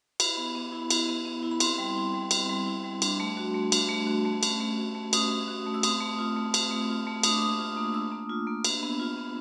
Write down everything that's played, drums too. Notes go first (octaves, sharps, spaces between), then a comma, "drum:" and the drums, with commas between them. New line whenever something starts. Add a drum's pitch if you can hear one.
E4 B5, drum: cymbal
B3
B3
E4
E4, drum: cymbal
B3
B3
E4
B5
C4 C6, drum: cymbal
G3
E4
G3
C4, drum: cymbal
G3
E4
G3
D4, drum: cymbal
A3
F#4
A3
D4, drum: cymbal
A3
F#4
A3
C#4, drum: cymbal
A3
F#4
A3
C#4 D#6, drum: cymbal
A3
F#4
A3
E6
C4 D#6, drum: cymbal
A3
F4
A3
C4, drum: cymbal
A3
F4
A3
D4 D#6, drum: cymbal
D6
A#3 D#6
F4
A#3
D4 E6
A#3
F4
A#3
D4, drum: cymbal
B3
F4
B3